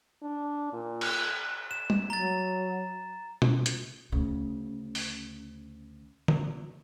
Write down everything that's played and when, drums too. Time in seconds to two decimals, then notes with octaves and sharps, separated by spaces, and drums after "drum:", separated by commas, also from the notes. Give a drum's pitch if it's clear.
0.22 D4
0.73 A#2
1.01 drum: cymbal
1.71 E7
1.90 drum: tom
2.10 F#3 A#5 A6
3.42 drum: tom
3.66 drum: hi-hat
4.12 D2 C#3
4.95 drum: open hi-hat
6.28 drum: tom D3